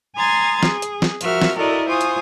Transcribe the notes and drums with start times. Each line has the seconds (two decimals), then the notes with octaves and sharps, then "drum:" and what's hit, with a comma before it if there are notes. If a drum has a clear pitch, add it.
0.16 G#5 A#5 C6 D#6 G#6 A6
0.63 G#4, drum: snare
0.82 drum: hi-hat
1.02 drum: snare
1.21 F3 F#4 A#4 E5 F6, drum: hi-hat
1.42 drum: snare
1.57 E4 F#4 A4 A#4 D5 D#5
1.87 F4 C5 G#5 C#6 D#6
2.01 drum: hi-hat